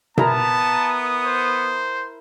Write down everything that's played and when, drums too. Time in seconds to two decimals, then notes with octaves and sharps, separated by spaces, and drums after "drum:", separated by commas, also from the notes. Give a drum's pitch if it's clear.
0.18 B3 E4 A#4 A5 A#5 D#6, drum: tom B2
1.26 C5